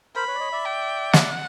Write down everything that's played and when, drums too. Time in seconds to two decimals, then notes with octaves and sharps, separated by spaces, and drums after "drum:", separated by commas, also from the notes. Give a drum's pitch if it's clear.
0.16 A#4 C5 B5
0.28 B4 C#5
0.35 D5
0.40 C#5 D#5
0.52 D5 E5
0.65 G5
1.13 F#5, drum: snare